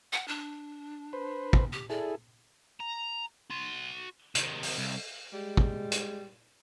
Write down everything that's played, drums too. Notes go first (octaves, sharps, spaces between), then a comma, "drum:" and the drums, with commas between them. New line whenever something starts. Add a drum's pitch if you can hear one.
F#5
D4
B4 C5
drum: kick
G4
E4 G#4 A4 D5
A#5
F#4 C6
C3 D#3, drum: hi-hat
drum: open hi-hat
C2
G3 G#3
drum: kick
drum: hi-hat